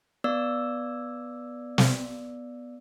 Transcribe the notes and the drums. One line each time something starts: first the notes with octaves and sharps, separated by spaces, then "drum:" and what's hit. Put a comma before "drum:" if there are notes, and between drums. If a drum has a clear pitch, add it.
B3 D5 E6
drum: snare